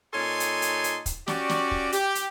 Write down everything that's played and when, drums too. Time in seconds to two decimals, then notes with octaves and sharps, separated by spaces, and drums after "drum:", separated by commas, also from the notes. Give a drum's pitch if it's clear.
0.13 A#2 D#4 A4 C#5 G#5 C6
0.40 drum: hi-hat
0.62 drum: hi-hat
0.84 drum: hi-hat
1.06 drum: kick, hi-hat
1.28 C#4 F#4 G4 D5, drum: snare
1.49 drum: snare
1.71 drum: kick
1.92 G4, drum: hi-hat
2.15 drum: hi-hat